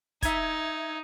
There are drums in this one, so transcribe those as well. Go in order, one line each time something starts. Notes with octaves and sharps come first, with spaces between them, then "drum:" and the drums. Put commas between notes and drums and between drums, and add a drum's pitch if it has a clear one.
D#4 E5 G#6, drum: kick, hi-hat